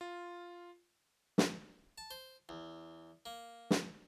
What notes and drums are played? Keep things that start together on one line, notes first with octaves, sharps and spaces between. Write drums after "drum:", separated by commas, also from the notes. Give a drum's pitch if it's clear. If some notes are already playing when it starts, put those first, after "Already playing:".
F4
drum: snare
A5
C5
E2
A#3
drum: snare